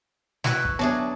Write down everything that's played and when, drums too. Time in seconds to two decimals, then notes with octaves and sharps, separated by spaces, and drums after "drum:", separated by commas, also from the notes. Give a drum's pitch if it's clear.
0.44 E4 F#4 B4, drum: snare
0.65 drum: kick
0.79 F#3 B3 D4 G#4 E5